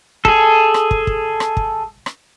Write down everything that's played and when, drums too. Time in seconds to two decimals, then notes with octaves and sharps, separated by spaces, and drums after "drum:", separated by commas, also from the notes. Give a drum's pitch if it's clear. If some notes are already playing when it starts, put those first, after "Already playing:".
0.25 G#4 A4, drum: kick
0.74 drum: rim click
0.91 drum: kick
1.07 drum: kick
1.40 drum: rim click
1.57 drum: kick
2.06 drum: rim click